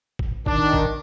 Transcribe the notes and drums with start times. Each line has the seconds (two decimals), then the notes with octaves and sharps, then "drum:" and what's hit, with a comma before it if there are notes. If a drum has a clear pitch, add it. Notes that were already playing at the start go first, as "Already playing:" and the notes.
0.19 drum: kick G#1
0.46 D#3 D4, drum: kick G#1
0.73 drum: kick G#1